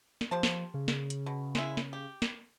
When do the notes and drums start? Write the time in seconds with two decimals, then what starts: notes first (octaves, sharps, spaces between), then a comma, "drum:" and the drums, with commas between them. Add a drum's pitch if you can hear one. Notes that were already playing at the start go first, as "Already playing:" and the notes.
0.21 drum: snare
0.31 F3 G4 C5 A5
0.43 drum: snare
0.74 C#3
0.88 drum: snare
1.10 drum: hi-hat
1.26 B2
1.55 G#3 E4, drum: snare
1.77 drum: snare
1.93 G4
2.22 drum: snare